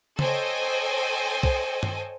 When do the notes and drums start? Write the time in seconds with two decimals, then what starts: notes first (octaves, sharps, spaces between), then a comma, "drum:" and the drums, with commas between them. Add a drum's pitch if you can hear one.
0.19 A4 C5 C#5 D#5 G5 G#5, drum: tom C#3
1.43 drum: kick
1.83 drum: tom G2